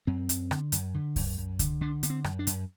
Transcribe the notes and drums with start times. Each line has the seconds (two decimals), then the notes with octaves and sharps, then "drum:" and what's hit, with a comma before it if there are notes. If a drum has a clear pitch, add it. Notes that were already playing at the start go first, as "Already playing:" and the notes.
0.07 F#2 C4
0.29 F#2, drum: hi-hat
0.51 D3, drum: rim click
0.72 F#2, drum: hi-hat
0.94 D3
1.16 F#2, drum: kick C2, open hi-hat
1.38 F#2
1.59 D3, drum: kick C2, hi-hat
1.81 D3 D4
2.03 D3 B3, drum: hi-hat
2.10 C4
2.24 F#2, drum: rim click
2.39 D4
2.47 F#2, drum: hi-hat